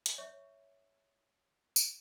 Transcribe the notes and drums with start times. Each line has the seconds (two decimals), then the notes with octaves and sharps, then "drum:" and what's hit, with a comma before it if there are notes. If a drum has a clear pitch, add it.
0.06 drum: hi-hat
0.18 C#5 E5 C#6
1.76 drum: tambourine